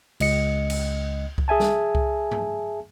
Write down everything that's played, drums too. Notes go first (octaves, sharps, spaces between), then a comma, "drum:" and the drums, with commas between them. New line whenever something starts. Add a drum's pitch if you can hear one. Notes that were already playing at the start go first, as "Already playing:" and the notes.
C#2 D#5 C#7, drum: cymbal
drum: cymbal
drum: kick C2
G#4 E5 G#5 A5
drum: snare
drum: kick C2
drum: tom